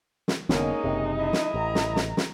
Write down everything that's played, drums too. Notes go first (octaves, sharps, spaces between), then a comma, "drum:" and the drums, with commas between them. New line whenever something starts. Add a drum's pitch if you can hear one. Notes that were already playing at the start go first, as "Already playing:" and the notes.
drum: snare
F1 D3 G#3 A#3 B3 C#4 D#4, drum: snare
F#1 C3
E4 D#5
drum: snare
A1 A#5
drum: snare
drum: snare
drum: snare